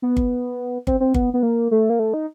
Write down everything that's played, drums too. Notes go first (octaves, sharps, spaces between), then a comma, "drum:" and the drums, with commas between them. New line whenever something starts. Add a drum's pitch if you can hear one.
B3
drum: kick G1
C4, drum: kick G1
C4
B3, drum: kick G1
B3
A#3
A3
A#3
A3
D#4